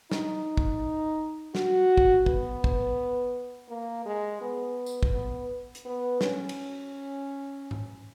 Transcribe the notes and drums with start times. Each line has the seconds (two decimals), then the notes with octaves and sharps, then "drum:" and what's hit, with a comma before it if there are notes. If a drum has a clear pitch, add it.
0.11 D#4, drum: snare
0.57 drum: kick
1.55 F#4, drum: snare
1.97 drum: kick
2.26 B3, drum: kick
2.64 drum: kick
3.69 A#3
4.05 G#3
4.41 B3
4.86 drum: tambourine
5.03 drum: kick
5.13 B3
5.75 drum: hi-hat
5.85 B3
6.21 C#4, drum: snare
6.49 drum: cymbal
7.71 drum: tom G#2